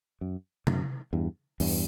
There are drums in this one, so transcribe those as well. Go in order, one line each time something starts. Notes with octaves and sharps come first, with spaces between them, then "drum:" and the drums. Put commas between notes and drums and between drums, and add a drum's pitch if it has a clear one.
F#2
F#2, drum: tom C3
E2 G2
E2 G2, drum: open hi-hat